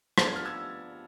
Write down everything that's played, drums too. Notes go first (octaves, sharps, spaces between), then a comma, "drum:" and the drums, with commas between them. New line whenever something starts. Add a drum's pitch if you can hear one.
F3 B3 D4 F4 A6, drum: rim click
G#6
F6
E6 G#6